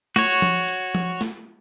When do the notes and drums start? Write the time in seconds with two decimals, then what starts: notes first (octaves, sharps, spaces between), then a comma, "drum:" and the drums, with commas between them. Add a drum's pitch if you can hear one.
0.16 F#4 C#5, drum: snare
0.42 drum: tom F3
0.68 drum: hi-hat
0.95 drum: tom F3
1.21 drum: snare